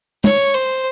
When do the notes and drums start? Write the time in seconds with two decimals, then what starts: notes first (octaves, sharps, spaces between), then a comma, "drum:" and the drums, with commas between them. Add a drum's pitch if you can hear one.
0.24 C#5, drum: tom
0.54 C5